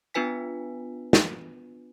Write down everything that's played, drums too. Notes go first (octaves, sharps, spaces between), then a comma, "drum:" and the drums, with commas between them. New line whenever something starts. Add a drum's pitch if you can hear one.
B3 D4 F4 B4 G#5 B6
drum: snare